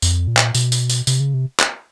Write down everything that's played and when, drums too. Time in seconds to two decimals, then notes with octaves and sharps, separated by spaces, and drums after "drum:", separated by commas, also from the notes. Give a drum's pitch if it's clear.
0.02 F2, drum: tambourine
0.28 A#2
0.37 drum: clap
0.55 B2, drum: tambourine
0.72 drum: tambourine
0.89 drum: tambourine
1.07 C3, drum: tambourine
1.20 C#3
1.34 C3
1.60 drum: clap